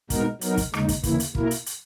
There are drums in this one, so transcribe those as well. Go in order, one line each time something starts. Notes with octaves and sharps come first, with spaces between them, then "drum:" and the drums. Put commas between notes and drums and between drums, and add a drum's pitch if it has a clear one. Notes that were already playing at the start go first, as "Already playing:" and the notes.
B2 G#3 B3 D#4 A#4, drum: kick, hi-hat
F#3 B3 D#4 A#4, drum: hi-hat
drum: kick, hi-hat
D#2 C#3 G#3 D#4, drum: rim click
drum: kick, hi-hat
D#2 C#3 E3 A#3 E4, drum: kick, hi-hat
drum: hi-hat
B2 A#3 E4 A#4, drum: kick
drum: hi-hat
drum: hi-hat